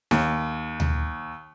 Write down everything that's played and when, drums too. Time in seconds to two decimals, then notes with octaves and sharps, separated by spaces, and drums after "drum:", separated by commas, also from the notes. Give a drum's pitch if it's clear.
0.11 D#2, drum: snare D#4
0.80 drum: tom D2